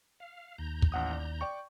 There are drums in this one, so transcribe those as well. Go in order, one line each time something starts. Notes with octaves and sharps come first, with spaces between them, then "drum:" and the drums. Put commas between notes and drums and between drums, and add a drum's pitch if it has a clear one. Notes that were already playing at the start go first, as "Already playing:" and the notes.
F5
D#2 A#5 G6
drum: kick
A1 F#5 D#6
D5
D5 G5 C#6